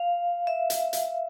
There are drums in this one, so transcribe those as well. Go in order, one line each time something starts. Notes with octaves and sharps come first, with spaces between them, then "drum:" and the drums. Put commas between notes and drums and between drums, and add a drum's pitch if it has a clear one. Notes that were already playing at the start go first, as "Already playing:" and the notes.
Already playing: F5
E5
drum: hi-hat
drum: hi-hat